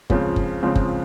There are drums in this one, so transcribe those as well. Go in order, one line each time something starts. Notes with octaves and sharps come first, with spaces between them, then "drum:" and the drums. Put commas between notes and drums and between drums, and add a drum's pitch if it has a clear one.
C#2 C#3 F3 C4, drum: kick F#1
drum: kick F#1
C#2 C#3 F3 C4
drum: kick F#1